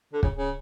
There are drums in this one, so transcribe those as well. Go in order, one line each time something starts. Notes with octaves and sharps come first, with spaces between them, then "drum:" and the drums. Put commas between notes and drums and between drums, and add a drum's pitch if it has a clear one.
D3
C#3, drum: kick
C#3